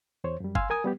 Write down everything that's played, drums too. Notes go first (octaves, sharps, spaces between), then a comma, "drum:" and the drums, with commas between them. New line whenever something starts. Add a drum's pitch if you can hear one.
E2 C5 C#5
F#2 G3
F5 G#5 C6 E6, drum: kick
A#4 G#5 D#6
G3 B3 G4